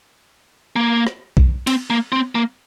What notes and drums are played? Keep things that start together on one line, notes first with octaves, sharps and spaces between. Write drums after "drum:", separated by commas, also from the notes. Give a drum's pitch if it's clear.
A#3
drum: rim click
drum: kick B1
C4, drum: cymbal
A#3
C4
A#3